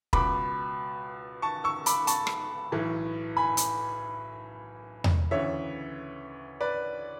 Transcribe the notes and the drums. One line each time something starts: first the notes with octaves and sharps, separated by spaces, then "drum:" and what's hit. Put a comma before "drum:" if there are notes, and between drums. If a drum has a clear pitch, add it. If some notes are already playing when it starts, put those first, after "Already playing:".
C#2 B2 B5 D6, drum: kick
A5 C#6
C#6 E6
B5 D6, drum: hi-hat
A5 C#6, drum: hi-hat
drum: rim click
B1 A2 E3
G#5 B5
drum: hi-hat
drum: tom E2
D2 C#3 E3 C#5 E5
B4 D5